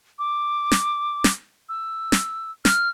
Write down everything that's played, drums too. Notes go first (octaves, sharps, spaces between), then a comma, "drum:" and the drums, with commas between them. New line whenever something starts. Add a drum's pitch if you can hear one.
D6
drum: snare
drum: snare
E6
drum: snare
F6, drum: snare